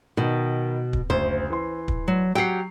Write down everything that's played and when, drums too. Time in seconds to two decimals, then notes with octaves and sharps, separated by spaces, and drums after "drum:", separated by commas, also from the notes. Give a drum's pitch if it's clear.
0.17 B2 D#3
0.93 drum: kick
1.10 F#1 D2 C5
1.50 E3 C6
1.88 drum: kick
2.08 F#3
2.35 F#3 G4 F#5 G5 C7